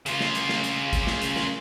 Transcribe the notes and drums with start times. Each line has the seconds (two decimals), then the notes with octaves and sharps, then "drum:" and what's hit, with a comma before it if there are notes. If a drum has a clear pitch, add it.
0.06 C#3 F4, drum: hi-hat
0.21 drum: snare
0.35 drum: hi-hat
0.49 drum: snare
0.64 drum: hi-hat
0.93 drum: kick G#1, hi-hat
1.07 drum: snare
1.22 drum: hi-hat
1.36 drum: snare